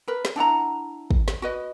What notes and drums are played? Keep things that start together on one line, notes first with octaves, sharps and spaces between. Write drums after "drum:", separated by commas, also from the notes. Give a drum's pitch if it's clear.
A#4 B4
drum: snare
D4 E4 F#5 A#5
drum: kick
drum: snare
F#4 B4 D#5